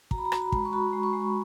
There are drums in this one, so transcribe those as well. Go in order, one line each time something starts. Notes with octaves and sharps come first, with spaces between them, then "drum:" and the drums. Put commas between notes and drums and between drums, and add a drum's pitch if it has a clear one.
F#4 A#5, drum: kick
B5
A#5
F#4, drum: rim click
B5
G#3, drum: kick
C#6
F#4 B5
G#3
C#6
G#3